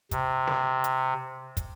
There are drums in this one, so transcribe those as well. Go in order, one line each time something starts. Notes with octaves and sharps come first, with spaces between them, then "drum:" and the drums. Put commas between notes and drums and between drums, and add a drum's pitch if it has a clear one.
C3, drum: kick, hi-hat
drum: snare
drum: hi-hat
drum: kick, hi-hat